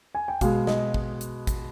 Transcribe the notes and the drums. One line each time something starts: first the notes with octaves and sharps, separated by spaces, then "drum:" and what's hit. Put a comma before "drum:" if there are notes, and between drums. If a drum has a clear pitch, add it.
G#5
G5
B2 G#3 F5, drum: kick, hi-hat
D#5, drum: snare
drum: kick
drum: hi-hat
drum: kick, hi-hat